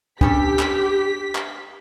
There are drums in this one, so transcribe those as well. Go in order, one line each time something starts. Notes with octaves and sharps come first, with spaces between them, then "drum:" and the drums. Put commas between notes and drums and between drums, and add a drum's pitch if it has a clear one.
B3 C#4 D4 G4 A4 B6, drum: kick
drum: clap
drum: clap